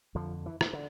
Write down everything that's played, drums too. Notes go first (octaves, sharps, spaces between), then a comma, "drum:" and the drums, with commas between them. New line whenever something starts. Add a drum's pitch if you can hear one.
F2 D3 F3
E3
E3, drum: rim click
D3